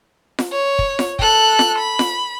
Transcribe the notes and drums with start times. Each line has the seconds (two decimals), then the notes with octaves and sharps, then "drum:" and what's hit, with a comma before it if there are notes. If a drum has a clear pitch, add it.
0.39 drum: snare F4
0.52 C#5
0.79 drum: kick
0.99 drum: snare F4
1.19 A4 F#6, drum: kick
1.59 drum: snare F4
1.78 B5
1.99 drum: snare F4